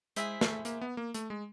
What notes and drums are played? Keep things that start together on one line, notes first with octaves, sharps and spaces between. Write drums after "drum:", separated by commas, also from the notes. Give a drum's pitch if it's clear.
G#3 E4 G#4 C5 E5, drum: hi-hat
A3, drum: snare
A#3, drum: hi-hat
B3
A#3
A3, drum: hi-hat
G#3